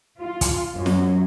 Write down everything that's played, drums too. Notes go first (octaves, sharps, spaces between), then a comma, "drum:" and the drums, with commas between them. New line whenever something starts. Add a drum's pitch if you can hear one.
F4
drum: kick, hi-hat
F#2
drum: snare